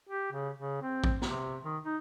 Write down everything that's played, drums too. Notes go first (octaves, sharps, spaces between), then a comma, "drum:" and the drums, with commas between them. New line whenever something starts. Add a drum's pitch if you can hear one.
G4
C#3
C#3
C4
drum: kick A1
C3, drum: snare
D#3
D#4